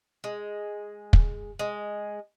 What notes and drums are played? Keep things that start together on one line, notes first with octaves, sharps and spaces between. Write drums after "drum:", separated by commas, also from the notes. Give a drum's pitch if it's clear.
G#3
drum: kick
G#3